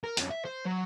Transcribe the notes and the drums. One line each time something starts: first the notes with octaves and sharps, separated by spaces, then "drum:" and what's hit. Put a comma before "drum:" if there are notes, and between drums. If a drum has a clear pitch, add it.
A#4
F2 C#4, drum: hi-hat
E5
C5
F#3